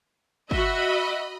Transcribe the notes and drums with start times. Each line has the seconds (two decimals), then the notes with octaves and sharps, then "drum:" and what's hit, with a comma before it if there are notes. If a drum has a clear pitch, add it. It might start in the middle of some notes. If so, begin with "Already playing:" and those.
0.51 F#4 D#5 E5 B5, drum: kick